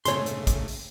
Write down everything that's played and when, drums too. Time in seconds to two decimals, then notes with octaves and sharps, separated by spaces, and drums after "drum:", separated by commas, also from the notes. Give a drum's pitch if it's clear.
0.05 G#2 C#3 A3 C#5 C6, drum: hi-hat
0.26 drum: hi-hat
0.47 drum: kick, hi-hat
0.68 drum: open hi-hat